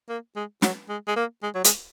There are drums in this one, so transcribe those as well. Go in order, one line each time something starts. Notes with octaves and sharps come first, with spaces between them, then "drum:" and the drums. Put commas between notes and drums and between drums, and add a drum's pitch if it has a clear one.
A#3
G#3
F#3, drum: snare
G#3
G#3
A#3
G#3
F#3
G#3, drum: hi-hat